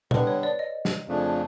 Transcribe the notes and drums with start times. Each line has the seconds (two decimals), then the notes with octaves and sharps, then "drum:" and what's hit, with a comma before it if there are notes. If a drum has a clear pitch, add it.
0.11 D3 G3 B3 D4 B4, drum: tom A#2
0.27 C#5
0.43 D5
0.59 D#5
0.85 drum: snare
1.08 F2 C#3 F3 A3 D4